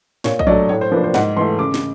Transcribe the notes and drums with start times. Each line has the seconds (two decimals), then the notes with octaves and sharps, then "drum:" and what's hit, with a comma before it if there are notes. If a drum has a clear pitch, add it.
0.24 A#2 C#5, drum: snare
0.39 D#5, drum: kick A#1
0.47 F#3 A3 D4 D5
0.69 A2 C#5
0.81 C5
0.91 F3 A#3 D4 B4
1.04 C5
1.14 G#2 F#5, drum: snare
1.37 E3 A3 C6
1.59 C#3 D6
1.74 drum: snare